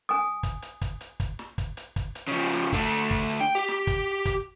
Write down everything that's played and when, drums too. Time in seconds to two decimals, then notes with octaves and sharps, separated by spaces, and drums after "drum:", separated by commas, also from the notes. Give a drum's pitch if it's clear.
0.09 G#5 D#6
0.43 drum: kick, hi-hat
0.63 drum: hi-hat
0.82 drum: kick, hi-hat
1.01 drum: hi-hat
1.20 drum: kick, hi-hat
1.39 drum: snare
1.58 drum: kick, hi-hat
1.77 drum: hi-hat
1.96 drum: kick, hi-hat
2.15 drum: hi-hat
2.28 C#3 F3
2.54 drum: snare
2.73 D3 A3, drum: kick, hi-hat
2.92 drum: hi-hat
3.11 drum: kick, hi-hat
3.30 drum: hi-hat
3.41 G5
3.55 G4
3.68 drum: snare
3.87 drum: kick, hi-hat
4.26 drum: kick, hi-hat